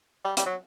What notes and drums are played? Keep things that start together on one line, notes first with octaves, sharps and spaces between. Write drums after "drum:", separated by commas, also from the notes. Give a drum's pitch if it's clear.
G3
G3, drum: hi-hat
F#3